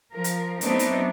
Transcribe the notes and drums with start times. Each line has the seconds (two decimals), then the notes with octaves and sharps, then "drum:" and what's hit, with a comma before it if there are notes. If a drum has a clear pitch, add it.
0.13 F3 A#4
0.24 drum: hi-hat
0.61 F#3 A3 B3 C4 D4 D#4, drum: hi-hat
0.79 drum: hi-hat